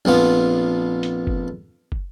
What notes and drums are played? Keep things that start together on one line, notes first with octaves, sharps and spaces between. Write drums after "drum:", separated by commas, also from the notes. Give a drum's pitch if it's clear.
A#1 F2 B3 F4
drum: hi-hat
drum: kick
drum: kick